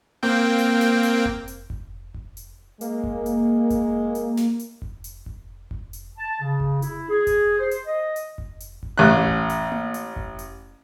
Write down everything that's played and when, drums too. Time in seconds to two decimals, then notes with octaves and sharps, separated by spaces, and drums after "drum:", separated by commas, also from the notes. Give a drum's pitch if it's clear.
0.23 A#3 C4 G5
0.59 drum: hi-hat
0.81 drum: snare
1.03 drum: hi-hat
1.25 drum: kick F1
1.48 drum: hi-hat
1.70 drum: kick F1
2.14 drum: kick F1
2.37 drum: hi-hat
2.81 G#3 A#3, drum: hi-hat
3.04 drum: kick F1
3.26 drum: hi-hat
3.70 drum: kick F1, hi-hat
4.15 drum: hi-hat
4.37 drum: snare
4.59 drum: hi-hat
4.82 drum: kick F1
5.04 drum: hi-hat
5.26 drum: kick F1
5.71 drum: kick F1
5.93 drum: hi-hat
6.18 A5
6.41 C#3
6.60 drum: kick F1
6.82 E4, drum: hi-hat
7.10 G#4
7.27 drum: kick F1, hi-hat
7.58 C5
7.71 drum: hi-hat
7.87 D#5
8.16 drum: hi-hat
8.38 drum: kick F1
8.60 drum: hi-hat
8.83 drum: kick F1
8.98 A1 F#6
9.27 drum: kick F1
9.50 drum: hi-hat
9.72 drum: tom A#3
9.94 drum: hi-hat
10.16 drum: kick F1
10.39 drum: hi-hat